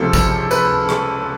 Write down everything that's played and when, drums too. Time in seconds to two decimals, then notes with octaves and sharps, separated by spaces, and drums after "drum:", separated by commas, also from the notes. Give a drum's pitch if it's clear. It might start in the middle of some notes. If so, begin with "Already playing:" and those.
Already playing: C#2 C3 F3 A4
0.13 drum: kick, tambourine
0.51 B4, drum: tambourine
0.89 drum: rim click